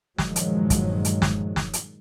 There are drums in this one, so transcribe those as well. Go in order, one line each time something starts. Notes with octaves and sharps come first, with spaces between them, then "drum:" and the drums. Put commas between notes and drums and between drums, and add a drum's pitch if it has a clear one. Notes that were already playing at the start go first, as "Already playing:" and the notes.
G2 A#2 D#3 F3 F#3 G#3, drum: snare
drum: hi-hat
drum: kick, hi-hat
drum: hi-hat
drum: snare
drum: snare
drum: hi-hat